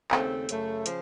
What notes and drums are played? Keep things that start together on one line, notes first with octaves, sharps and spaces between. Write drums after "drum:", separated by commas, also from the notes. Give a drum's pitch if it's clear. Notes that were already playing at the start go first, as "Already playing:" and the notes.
D#2 C#3 A3 C4, drum: clap
F#2 C#3 A3, drum: hi-hat
C#3 F3, drum: hi-hat